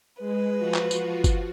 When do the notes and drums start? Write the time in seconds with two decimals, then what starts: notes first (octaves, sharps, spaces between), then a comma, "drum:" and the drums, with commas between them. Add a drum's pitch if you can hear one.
0.19 G#3 B4
0.58 F3 F4 F#4
0.74 drum: clap
0.91 drum: tambourine
1.24 drum: kick G1, tambourine